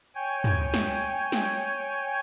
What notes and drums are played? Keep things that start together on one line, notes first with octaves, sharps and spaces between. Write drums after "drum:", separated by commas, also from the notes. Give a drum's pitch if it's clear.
C#5 G5 G#5
drum: tom
drum: snare
drum: snare